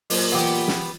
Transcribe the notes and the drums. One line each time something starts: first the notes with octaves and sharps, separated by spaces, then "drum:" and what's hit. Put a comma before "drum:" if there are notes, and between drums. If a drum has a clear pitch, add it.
A#2 F#3 C5, drum: open hi-hat
E3 B3 F4 G4
drum: snare